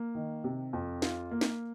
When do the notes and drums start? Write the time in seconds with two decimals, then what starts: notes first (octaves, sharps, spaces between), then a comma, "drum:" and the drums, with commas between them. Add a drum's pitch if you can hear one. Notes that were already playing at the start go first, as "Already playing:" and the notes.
Already playing: A#3
0.15 D#3
0.44 C3
0.73 F2
1.02 F4, drum: snare
1.31 A#3
1.41 drum: snare